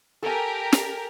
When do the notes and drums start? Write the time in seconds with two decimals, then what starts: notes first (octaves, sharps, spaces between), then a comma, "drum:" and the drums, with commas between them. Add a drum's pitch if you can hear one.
0.23 G4 A4 A#4 G#5
0.72 drum: snare